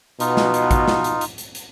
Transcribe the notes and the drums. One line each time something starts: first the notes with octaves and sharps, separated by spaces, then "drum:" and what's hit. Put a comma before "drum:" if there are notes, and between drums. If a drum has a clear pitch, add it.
B2 D#4 F4, drum: hi-hat
drum: snare
drum: hi-hat
drum: kick, hi-hat
drum: snare
drum: hi-hat
drum: hi-hat
drum: hi-hat
drum: hi-hat